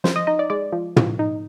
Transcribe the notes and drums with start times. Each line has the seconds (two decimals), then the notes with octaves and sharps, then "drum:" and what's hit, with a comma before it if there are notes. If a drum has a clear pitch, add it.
0.04 F3 C5, drum: snare
0.16 D#5
0.27 D#4 D#5
0.39 D5
0.50 G#3 D5
0.72 F3
0.96 F3, drum: tom
1.19 D#4